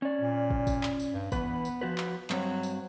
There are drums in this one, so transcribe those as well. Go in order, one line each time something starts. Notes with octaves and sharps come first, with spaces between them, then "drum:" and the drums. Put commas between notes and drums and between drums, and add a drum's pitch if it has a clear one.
C#4 D5
A#2
drum: kick
drum: kick, tambourine
drum: clap
drum: tambourine
G2
E2 B3 B4, drum: kick, tambourine
drum: tambourine
F3 F#4 B4
drum: clap
G2 F#3 C4 F#4, drum: clap
drum: tambourine